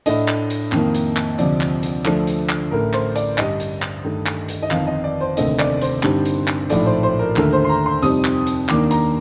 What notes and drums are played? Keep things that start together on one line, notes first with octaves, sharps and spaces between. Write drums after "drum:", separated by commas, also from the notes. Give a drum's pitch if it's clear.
A2 A3 D4 D#5, drum: hi-hat
drum: clap
drum: hi-hat
F2 D#3 A#3, drum: clap
drum: hi-hat
drum: clap
D2 C3 F3 D5, drum: hi-hat
drum: clap
drum: hi-hat
D2 D3 F3 A3 D4, drum: clap
drum: hi-hat
drum: clap
A1 A2 A3 A#4
C5, drum: clap
D5, drum: hi-hat
G2 D3 G3 D#5, drum: clap
drum: hi-hat
drum: clap
G2 D#3 A3
drum: clap
drum: hi-hat
D#5
G1 F2 D#3 F5, drum: clap
D#5
D5
C5
F1 D#2 D3 A3 C4 D#5, drum: hi-hat
D5, drum: clap
C5, drum: hi-hat
G2 D3 G3 C4 D#4, drum: clap
drum: hi-hat
drum: clap
A#1 A2 F3 A3 D#4 D5, drum: hi-hat
C5
C5
A#4
D#2 D3 A3 A#4, drum: clap
C5
C6
A#5
C6
F2 C3 G3 C4 D#4 D#6, drum: hi-hat
drum: clap
drum: hi-hat
D#2 D#3 A#3 D4 D6, drum: clap
A#5, drum: hi-hat